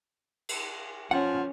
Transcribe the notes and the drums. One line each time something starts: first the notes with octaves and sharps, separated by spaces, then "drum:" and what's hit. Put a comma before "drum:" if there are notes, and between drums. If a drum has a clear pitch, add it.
drum: cymbal
F3 C#4 F#5